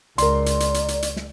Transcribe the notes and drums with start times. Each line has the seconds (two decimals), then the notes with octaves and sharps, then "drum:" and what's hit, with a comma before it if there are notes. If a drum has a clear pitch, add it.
0.18 C#2 A#4 D5 C6, drum: hi-hat
0.46 drum: hi-hat
0.60 drum: hi-hat
0.74 drum: hi-hat
0.88 drum: hi-hat
1.02 drum: hi-hat
1.16 drum: snare